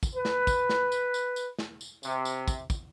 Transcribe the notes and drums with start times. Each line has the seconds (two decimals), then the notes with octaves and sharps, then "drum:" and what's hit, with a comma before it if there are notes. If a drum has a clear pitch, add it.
0.03 drum: kick, tambourine
0.15 B4
0.25 drum: snare
0.47 drum: kick, tambourine
0.69 drum: snare
0.92 drum: tambourine
1.14 drum: tambourine
1.36 drum: tambourine
1.59 drum: snare
1.81 drum: tambourine
2.03 C3, drum: tambourine
2.25 drum: tambourine
2.48 drum: kick, tambourine
2.70 drum: kick, tambourine